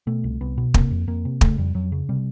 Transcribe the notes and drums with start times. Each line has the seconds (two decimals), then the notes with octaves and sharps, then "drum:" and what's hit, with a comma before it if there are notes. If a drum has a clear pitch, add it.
0.07 B2 A3
0.24 C2
0.41 C2 B3
0.58 B2
0.74 C3 A#3, drum: kick
0.91 F2
1.07 F2 A#3
1.25 C3
1.41 C#3 A3, drum: kick
1.58 F2 G3
1.75 F2 F#3
1.92 C#3
2.09 C3 G3